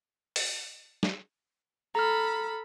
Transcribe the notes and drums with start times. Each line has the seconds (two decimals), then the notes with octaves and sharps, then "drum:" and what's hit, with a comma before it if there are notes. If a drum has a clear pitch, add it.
0.36 drum: open hi-hat
1.03 drum: snare
1.95 A4 A#5 B5 F6